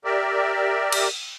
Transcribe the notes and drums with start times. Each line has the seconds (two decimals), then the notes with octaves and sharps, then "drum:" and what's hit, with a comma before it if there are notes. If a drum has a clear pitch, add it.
0.05 G4 A#4 D5 E5
0.92 drum: cymbal